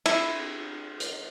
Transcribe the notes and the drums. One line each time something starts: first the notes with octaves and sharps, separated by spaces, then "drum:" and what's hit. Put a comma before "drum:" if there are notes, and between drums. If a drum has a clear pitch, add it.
E4, drum: cymbal
drum: hi-hat